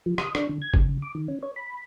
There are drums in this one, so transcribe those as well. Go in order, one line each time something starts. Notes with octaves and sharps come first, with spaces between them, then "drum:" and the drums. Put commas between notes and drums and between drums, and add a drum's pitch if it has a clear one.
F3
D#6, drum: rim click
D4, drum: rim click
D3
G#6
C#3, drum: kick
C#3
D6
D#3
C#4
C#5
B5